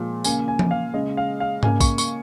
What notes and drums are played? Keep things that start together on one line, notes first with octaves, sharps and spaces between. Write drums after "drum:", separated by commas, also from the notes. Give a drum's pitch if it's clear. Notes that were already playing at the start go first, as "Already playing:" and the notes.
Already playing: A#2 F3 G#3
C#3 A#3 G#5, drum: tambourine
G#5
drum: tom F3
F5
C#3 G#3 D#5
F5
F5
C#3 A#3 G#5, drum: tom G#2
C#6, drum: kick, tambourine
C#6, drum: tambourine